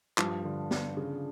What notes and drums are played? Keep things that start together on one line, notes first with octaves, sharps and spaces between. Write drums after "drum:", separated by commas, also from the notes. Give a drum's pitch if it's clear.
G2 F3, drum: clap
D3
D4, drum: snare
C#3